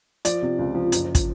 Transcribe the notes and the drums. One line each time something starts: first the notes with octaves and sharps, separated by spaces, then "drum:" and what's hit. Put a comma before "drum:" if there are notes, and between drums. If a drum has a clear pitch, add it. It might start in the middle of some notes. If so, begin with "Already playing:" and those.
F3 D5, drum: hi-hat
C3
C#2
F3
F#1, drum: hi-hat
drum: kick, hi-hat